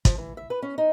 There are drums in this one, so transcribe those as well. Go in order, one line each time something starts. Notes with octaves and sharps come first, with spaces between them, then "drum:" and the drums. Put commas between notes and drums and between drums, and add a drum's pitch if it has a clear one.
F3, drum: kick, hi-hat
E3
E5
B4
C#4
D#4